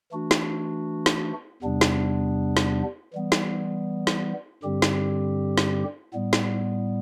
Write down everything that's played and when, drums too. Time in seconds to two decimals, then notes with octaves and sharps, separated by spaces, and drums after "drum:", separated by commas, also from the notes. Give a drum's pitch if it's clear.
0.12 E3 A3 D4 F#4
0.31 drum: snare
1.06 drum: snare
1.62 E2 C3 G3 B3 D4
1.81 drum: snare
2.57 drum: snare
3.13 E3 G3 B3
3.32 drum: snare
4.07 drum: snare
4.63 G2 D3 G3 C4 G4
4.82 drum: snare
5.58 drum: snare
6.14 A2 G3 B3
6.33 drum: snare